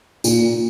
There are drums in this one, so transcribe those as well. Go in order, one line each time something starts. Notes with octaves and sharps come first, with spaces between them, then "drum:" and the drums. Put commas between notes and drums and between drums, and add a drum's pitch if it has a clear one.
A#2, drum: tambourine